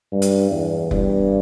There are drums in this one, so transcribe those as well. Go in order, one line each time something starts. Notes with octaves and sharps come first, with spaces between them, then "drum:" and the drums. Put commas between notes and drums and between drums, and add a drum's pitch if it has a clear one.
G2
drum: hi-hat
E2
G2, drum: kick F1